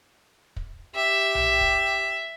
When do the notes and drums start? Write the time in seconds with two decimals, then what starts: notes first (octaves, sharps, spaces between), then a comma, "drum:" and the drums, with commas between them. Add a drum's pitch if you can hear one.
0.56 drum: kick
0.96 G4 E5
1.35 drum: tom B1
1.61 drum: kick